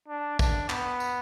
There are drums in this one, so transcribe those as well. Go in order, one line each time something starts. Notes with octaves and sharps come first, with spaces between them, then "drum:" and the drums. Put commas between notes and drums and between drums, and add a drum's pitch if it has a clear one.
D4
D4, drum: kick, tambourine
B3, drum: clap
drum: tambourine